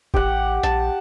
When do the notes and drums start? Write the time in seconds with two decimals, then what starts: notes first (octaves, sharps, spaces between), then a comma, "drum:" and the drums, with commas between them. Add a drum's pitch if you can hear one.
0.14 A1 G4 F#5, drum: kick E1
0.63 A#1 A5, drum: hi-hat